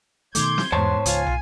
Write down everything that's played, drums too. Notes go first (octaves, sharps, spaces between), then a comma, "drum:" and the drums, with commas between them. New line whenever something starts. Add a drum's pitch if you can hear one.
B2 D#3 A3 C6 D6 G6 G#6, drum: hi-hat
drum: snare
E2 G#2 B3 C5 C#5 A5 C6
C#2 F4 G#5, drum: hi-hat
drum: tom